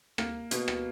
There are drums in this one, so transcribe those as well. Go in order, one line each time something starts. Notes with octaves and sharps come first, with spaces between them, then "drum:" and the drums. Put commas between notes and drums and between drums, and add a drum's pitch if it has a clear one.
A#3, drum: rim click
B2, drum: hi-hat
drum: rim click